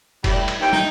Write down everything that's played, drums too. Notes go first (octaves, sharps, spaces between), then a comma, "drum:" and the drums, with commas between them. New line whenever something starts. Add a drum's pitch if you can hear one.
A2 G3, drum: kick F1, cymbal
drum: cymbal
D#2 G5
D#4, drum: tom